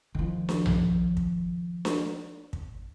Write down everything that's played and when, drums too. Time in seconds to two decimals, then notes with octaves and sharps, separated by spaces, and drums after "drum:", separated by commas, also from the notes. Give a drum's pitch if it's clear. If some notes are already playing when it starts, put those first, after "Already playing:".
0.15 D#3 F3
0.49 drum: snare D4
0.66 drum: tom A#1
1.17 drum: kick
1.85 drum: snare D4
2.53 drum: kick